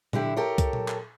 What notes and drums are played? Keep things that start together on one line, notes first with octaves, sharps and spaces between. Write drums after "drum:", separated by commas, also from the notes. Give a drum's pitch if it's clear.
D3 E4 G4, drum: tom A#2
G4 A4 A#4 C#5
drum: kick C2, hi-hat
drum: tom A#2
drum: clap